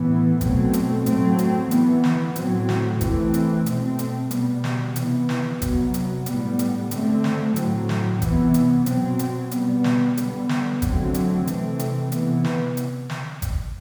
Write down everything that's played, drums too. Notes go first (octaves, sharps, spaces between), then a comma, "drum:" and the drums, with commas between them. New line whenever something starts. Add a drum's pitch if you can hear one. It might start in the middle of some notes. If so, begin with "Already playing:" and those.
Already playing: A2 E3 B3
B2 F#3 A3 C4, drum: kick, hi-hat
drum: hi-hat
A2 F#3 A3 C4, drum: hi-hat
drum: hi-hat
E3 B3, drum: hi-hat
drum: snare
A2 F#3 C4, drum: hi-hat
drum: snare
E3 A3 C4, drum: kick, hi-hat
drum: hi-hat
B2 A3 C4, drum: hi-hat
drum: hi-hat
B2 G3 B3, drum: hi-hat
drum: snare
C3 E3 B3, drum: hi-hat
drum: snare
C3 F#3 B3, drum: kick, hi-hat
drum: hi-hat
A2 G3 B3, drum: hi-hat
drum: hi-hat
D3 A3 C4, drum: hi-hat
drum: snare
A2 F#3 C4, drum: hi-hat
drum: snare
C3 E3 B3, drum: kick, hi-hat
drum: hi-hat
B2 F#3 C4, drum: hi-hat
drum: hi-hat
B2 G3 B3, drum: hi-hat
drum: snare
D3 G3 B3, drum: hi-hat
drum: snare
D3 F#3 A3 C4, drum: kick, hi-hat
drum: hi-hat
C3 E3 A3 C4, drum: hi-hat
drum: hi-hat
C3 E3 B3, drum: hi-hat
drum: snare
drum: hi-hat
drum: snare
drum: kick, hi-hat